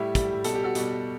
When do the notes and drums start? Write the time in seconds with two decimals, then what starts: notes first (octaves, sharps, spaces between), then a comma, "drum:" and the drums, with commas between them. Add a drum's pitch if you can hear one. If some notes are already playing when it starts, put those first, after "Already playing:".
Already playing: A2 G3 E4 G4
0.15 A2 G3, drum: kick, hi-hat
0.44 B2 A4, drum: hi-hat
0.50 G3
0.55 G4
0.64 F#4 A4
0.75 B2 G3, drum: hi-hat